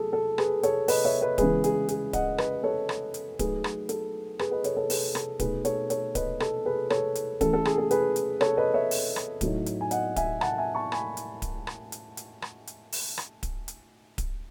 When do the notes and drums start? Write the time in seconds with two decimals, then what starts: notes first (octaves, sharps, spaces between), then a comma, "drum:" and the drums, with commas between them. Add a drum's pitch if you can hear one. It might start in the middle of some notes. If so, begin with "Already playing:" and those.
Already playing: F#3 A3 G#4 A4
0.13 A4
0.38 G#4 B4, drum: rim click
0.63 A4 C#5, drum: hi-hat
0.88 B4 D#5, drum: open hi-hat
1.04 C#5 E5
1.21 B4 D#5
1.38 C#3 E3 G#3 B3 G#4 B4, drum: kick D1, hi-hat
1.64 G#4, drum: hi-hat
1.89 G#4, drum: hi-hat
2.13 D#5 F#5, drum: kick D1, hi-hat
2.38 B4 D#5, drum: rim click
2.63 A4 C#5
2.89 drum: rim click
3.14 drum: hi-hat
3.39 F#3 A3 D#4 G#4 B4, drum: kick D1, hi-hat
3.64 drum: rim click
3.89 A4, drum: hi-hat
4.39 G#4 B4, drum: rim click
4.51 B4 D#5
4.64 A4 C#5, drum: hi-hat
4.76 A4 C#5
4.90 G#4 B4, drum: open hi-hat
5.15 A4, drum: rim click
5.40 B2 A3 D#4 G#4 B4, drum: kick D1, hi-hat
5.65 A4 C#5, drum: hi-hat
5.90 A4 C#5, drum: hi-hat
6.15 B4 D#5, drum: kick D1, hi-hat
6.40 A4, drum: rim click
6.65 G#4 B4
6.90 A4 C#5, drum: rim click
7.15 drum: hi-hat
7.41 E3 A3 C#4 A4, drum: kick D1, hi-hat
7.53 A4
7.65 G#4, drum: rim click
7.78 A4
7.91 G#4 B4, drum: hi-hat
8.16 drum: hi-hat
8.41 A4 C#5, drum: rim click
8.57 B4 D#5
8.74 C#5 E5
8.91 drum: open hi-hat
9.16 drum: rim click
9.41 A2 F#3 A3 D#4, drum: kick D1, hi-hat
9.66 drum: hi-hat
9.81 G#5
9.91 D#5 F#5, drum: hi-hat
10.16 E5 G#5, drum: kick D1, hi-hat
10.41 F#5 A5, drum: rim click
10.58 E5 G#5
10.75 A5 C#6
10.92 G#5 B5, drum: rim click
11.17 drum: hi-hat
11.42 drum: kick D1, hi-hat
11.67 drum: rim click
11.92 drum: hi-hat
12.17 drum: hi-hat
12.42 drum: rim click
12.67 drum: hi-hat
12.92 drum: open hi-hat
13.18 drum: rim click
13.43 drum: kick D1, hi-hat
13.68 drum: hi-hat
14.18 drum: kick D1, hi-hat